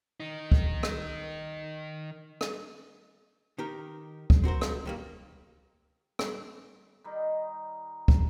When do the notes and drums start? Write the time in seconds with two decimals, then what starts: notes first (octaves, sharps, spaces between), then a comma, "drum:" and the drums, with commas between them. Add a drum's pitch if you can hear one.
0.20 D#3 D#4
0.52 drum: kick
0.83 drum: rim click
2.41 drum: rim click
3.58 D#3 D#4 G4 A#4
4.30 drum: kick
4.44 C4 F#4 A#4 C5
4.61 drum: rim click
4.86 D#3 G3 A#3
6.19 drum: rim click
7.04 D#3 G3 D#4
8.08 drum: kick